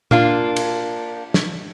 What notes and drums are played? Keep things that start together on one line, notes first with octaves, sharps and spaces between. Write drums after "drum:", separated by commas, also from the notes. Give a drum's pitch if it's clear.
A#3 D4 F4, drum: tom A#2
drum: cymbal
drum: snare